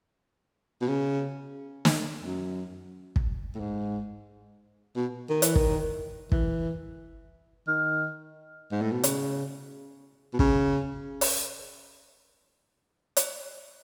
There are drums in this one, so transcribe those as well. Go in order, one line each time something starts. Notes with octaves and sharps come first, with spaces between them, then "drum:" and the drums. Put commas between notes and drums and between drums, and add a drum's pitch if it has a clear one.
B2
C#3
drum: snare
F#2
drum: kick
A2
G#2
B2
D#3
E3, drum: hi-hat
D#3, drum: kick
E3, drum: kick
D#3
G#2
A2
B2
C#3, drum: hi-hat
B2
C#3, drum: kick
drum: open hi-hat
drum: hi-hat